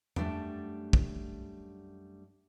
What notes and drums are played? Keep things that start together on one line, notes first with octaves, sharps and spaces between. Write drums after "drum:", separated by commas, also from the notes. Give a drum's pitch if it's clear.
F#2 G3 A3 D4 G5, drum: tom E2
drum: kick